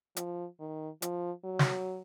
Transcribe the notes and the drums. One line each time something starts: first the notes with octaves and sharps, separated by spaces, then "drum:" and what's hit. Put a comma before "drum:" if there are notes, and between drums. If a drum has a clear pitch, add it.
F3, drum: hi-hat
D#3
F3, drum: hi-hat
F#3
drum: snare